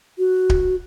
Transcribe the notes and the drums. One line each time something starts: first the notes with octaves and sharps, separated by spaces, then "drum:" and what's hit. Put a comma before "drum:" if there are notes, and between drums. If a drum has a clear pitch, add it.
F#4
drum: kick D1